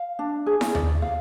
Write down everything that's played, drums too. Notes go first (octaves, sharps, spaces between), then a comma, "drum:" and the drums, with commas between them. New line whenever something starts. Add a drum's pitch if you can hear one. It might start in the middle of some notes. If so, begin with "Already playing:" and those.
Already playing: F5
D4
G#4
drum: snare E4
D5, drum: tom D#2
F5